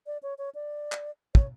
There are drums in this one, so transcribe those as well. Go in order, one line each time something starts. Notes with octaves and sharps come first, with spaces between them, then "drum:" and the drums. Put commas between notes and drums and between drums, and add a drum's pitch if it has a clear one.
D5
C#5
C#5
D5
drum: clap
C#5, drum: kick